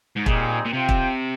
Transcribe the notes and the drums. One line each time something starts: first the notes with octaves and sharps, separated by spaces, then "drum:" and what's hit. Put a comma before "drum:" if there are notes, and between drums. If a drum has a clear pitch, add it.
G#2
A#2 G3 C4 D#4 G#4, drum: kick
A#2
C3 F4 C5 G5
drum: kick